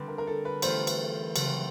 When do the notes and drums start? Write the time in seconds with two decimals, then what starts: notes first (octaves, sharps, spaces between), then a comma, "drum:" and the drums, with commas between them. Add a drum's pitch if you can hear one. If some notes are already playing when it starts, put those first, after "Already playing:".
Already playing: D3 G3 C4 B4
0.08 A#4
0.18 A#4
0.27 A4
0.45 B4
0.62 E3 A3 C4 F4 C5, drum: cymbal
0.87 drum: cymbal
1.36 C#3 F#3 A3 C4, drum: cymbal